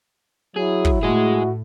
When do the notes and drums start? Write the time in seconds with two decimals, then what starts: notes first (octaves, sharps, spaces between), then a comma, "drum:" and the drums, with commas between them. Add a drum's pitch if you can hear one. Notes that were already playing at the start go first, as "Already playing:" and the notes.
0.56 F#3 E4 G#4
0.85 drum: kick
1.03 A2 F#4 G#4 D#5